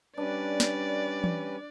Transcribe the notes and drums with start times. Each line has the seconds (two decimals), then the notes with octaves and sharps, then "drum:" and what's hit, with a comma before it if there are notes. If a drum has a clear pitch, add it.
0.17 G3 C#4 D4 B4 D5
0.60 drum: snare
1.24 drum: tom E3